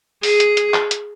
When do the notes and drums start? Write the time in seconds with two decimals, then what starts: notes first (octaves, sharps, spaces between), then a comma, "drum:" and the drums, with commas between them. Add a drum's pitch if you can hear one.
0.23 G#4, drum: open hi-hat
0.40 drum: hi-hat
0.57 drum: hi-hat
0.74 drum: clap
0.91 drum: hi-hat